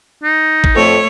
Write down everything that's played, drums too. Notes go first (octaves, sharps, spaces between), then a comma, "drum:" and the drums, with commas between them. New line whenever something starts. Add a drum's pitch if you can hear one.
D#4
drum: kick G#1
F2 A3 C#5